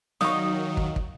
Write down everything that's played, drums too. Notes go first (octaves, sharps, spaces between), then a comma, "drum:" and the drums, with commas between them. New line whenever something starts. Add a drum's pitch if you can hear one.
D#3 F#3 D#4 F5 C#6 D#6, drum: snare
drum: kick
drum: kick